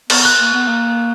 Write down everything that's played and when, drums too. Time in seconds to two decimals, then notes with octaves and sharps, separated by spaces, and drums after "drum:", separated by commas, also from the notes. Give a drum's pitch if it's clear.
0.10 B3, drum: cymbal
0.25 F#6
0.40 A#3
0.54 B3
0.68 A#3